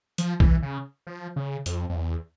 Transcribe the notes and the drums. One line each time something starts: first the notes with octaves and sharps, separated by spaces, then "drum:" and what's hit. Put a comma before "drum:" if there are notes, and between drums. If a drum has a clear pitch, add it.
F3, drum: hi-hat
E3, drum: kick B1
C#3
F3
C#3
F2, drum: hi-hat
F2
E2